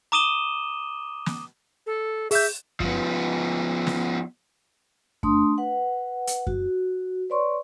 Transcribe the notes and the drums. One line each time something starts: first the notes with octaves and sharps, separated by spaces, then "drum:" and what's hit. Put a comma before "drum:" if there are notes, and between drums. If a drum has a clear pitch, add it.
A#5 D6 D#6 D#7 E7 G7
drum: snare
A4
G#4 E5 G6, drum: open hi-hat
F3 B3, drum: kick F#2
drum: snare
A3 D4 C6 D#6, drum: kick F#2
B4 F#5
drum: hi-hat
F#4, drum: kick F#2
B4 C#5 D5 C6 C#6